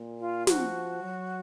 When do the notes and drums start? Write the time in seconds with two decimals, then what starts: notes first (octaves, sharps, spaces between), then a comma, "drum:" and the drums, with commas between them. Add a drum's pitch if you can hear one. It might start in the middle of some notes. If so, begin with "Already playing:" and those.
Already playing: A#2
0.19 F4
0.47 F3 F#4, drum: snare
1.02 F#3